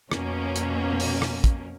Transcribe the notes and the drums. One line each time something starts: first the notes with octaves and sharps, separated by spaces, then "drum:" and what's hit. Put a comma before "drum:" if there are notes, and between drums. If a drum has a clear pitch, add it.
F2 B2 A#3 C#4, drum: rim click
drum: hi-hat
drum: open hi-hat
drum: rim click
drum: kick, hi-hat